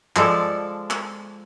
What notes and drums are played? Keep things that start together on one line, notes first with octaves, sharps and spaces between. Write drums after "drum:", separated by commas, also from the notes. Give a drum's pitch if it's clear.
F3 G#3 A4 D5, drum: clap
drum: clap